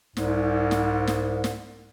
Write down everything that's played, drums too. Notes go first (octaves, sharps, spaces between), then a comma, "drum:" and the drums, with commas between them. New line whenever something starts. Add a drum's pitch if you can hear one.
C2 G#2, drum: snare
drum: snare
drum: snare
drum: snare